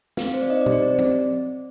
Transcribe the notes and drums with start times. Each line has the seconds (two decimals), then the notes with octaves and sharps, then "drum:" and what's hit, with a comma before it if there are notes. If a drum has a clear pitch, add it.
0.17 C4 F5, drum: snare
0.34 C4 C5
0.42 D5
0.50 D#4 D#5
0.61 D5
0.66 G4, drum: tom A#2
0.72 C5
0.83 C4 D5
0.99 C4, drum: tom